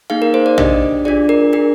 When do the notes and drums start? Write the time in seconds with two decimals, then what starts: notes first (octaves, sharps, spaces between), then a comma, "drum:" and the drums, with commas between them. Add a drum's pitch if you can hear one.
0.10 A#3 D#4 G#4 F5
0.22 A#4
0.34 C5
0.46 D5
0.58 D4 G4 D#5, drum: tom A#1
1.05 D4 F4 G#4 D5
1.29 A#4
1.53 D4 G#4 A#4